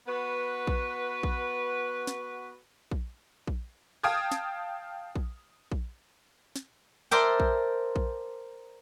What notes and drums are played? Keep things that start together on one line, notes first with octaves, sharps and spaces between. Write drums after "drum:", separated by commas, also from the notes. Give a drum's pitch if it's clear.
B3 F#4 B4
drum: kick A#1
drum: kick A#1
drum: snare
drum: kick A#1
drum: kick A#1
F5 G5 A5 D#6 F6 G#6
drum: snare
drum: kick A#1
drum: kick A#1
drum: snare
A#4 C5 D5 E5 G5 A5
drum: kick A#1
drum: kick A#1